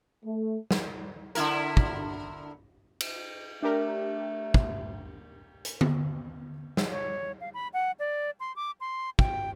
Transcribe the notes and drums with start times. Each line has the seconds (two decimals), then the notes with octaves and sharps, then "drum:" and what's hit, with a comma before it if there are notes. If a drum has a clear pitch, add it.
0.24 A3
0.71 drum: snare
1.35 D3 E4 A#4, drum: hi-hat
1.77 drum: kick
3.00 drum: cymbal
3.63 A3 D4 G4 A#4
4.54 drum: kick
5.65 drum: hi-hat
5.81 drum: tom D3
6.77 drum: snare
6.91 C#5
7.41 F5
7.54 B5
7.73 F#5
7.99 D5
8.40 C6
8.56 D6
8.80 C6
9.19 G5, drum: kick